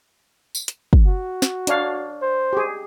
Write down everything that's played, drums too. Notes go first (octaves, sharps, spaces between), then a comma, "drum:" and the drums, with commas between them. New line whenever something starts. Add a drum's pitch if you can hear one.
drum: tambourine
drum: hi-hat
drum: kick
F#4
drum: snare
D4 C#5 F5, drum: hi-hat
C5
G4 G#4